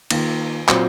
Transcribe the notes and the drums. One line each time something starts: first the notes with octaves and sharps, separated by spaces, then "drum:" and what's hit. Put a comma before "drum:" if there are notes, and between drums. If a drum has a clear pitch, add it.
D#3 A#3 F4, drum: cymbal
A#2 F#3 C4 F4 C5, drum: clap